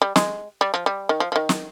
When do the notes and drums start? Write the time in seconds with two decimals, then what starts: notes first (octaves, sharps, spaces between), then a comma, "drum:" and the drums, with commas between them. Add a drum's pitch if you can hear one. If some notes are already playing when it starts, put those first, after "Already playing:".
0.02 G3
0.16 G#3, drum: snare
0.61 G3
0.74 F3
0.86 G3
1.09 D#3
1.20 F3
1.32 F3
1.36 D#3
1.49 drum: snare